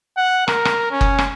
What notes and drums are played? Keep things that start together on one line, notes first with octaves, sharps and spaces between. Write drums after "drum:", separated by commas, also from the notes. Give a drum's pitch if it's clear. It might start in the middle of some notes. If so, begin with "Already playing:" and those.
F#5
A#4, drum: rim click
drum: rim click
C#4
drum: kick F#1
drum: rim click